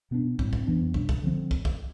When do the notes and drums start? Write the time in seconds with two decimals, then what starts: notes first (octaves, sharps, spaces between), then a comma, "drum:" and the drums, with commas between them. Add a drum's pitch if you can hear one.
0.11 B2 B3 D4
0.39 A2 G3 C4, drum: kick
0.53 drum: kick
0.67 F2 E3 B3 D4
0.94 B2 G3 D4, drum: kick
1.09 drum: kick
1.23 D3 F3 C4
1.51 drum: kick
1.65 drum: kick